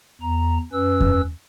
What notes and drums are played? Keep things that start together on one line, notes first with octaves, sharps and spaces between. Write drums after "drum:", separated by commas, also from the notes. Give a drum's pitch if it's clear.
E2 A#5
F#2 C#4 B4 E6
drum: kick E2